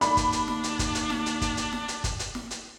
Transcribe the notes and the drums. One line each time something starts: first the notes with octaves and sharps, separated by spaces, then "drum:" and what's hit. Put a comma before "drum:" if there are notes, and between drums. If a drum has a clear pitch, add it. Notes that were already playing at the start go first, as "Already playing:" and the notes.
D#2 D4 B5, drum: hi-hat
drum: kick, hi-hat
drum: hi-hat
drum: snare
drum: hi-hat
drum: kick, hi-hat
drum: hi-hat
drum: snare
drum: hi-hat
drum: kick, hi-hat
drum: hi-hat
drum: snare
drum: hi-hat
drum: kick, hi-hat
drum: hi-hat
drum: snare
drum: hi-hat